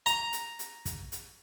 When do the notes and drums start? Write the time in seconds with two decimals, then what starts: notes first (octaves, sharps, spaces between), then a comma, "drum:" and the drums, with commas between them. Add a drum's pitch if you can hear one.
0.06 A#5, drum: hi-hat
0.33 drum: hi-hat
0.59 drum: hi-hat
0.85 drum: kick, hi-hat
1.12 drum: hi-hat